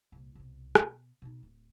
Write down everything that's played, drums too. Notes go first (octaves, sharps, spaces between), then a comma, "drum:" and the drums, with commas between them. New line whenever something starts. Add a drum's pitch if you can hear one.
C2 A#2
C2 B2
B2, drum: rim click
B2 D#4
D1